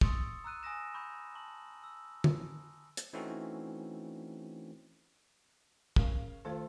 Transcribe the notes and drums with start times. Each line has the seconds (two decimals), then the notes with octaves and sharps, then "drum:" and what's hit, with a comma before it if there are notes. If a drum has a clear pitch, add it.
0.01 C6 C#6 D#6 E6 A6 C#7, drum: kick
0.44 A#5 E6 F#6 D#7
0.63 G#5 D#6 E6 A#6 E7
0.94 B5 C#6 G6
1.35 A5 C#6 F#7
1.84 E6
2.24 drum: tom D3
2.97 drum: hi-hat
3.13 E3 A3 C4 C#4 D#4 F#4
5.96 C#3 A#4 F5, drum: kick
6.45 D#3 A3 F4 A4 C5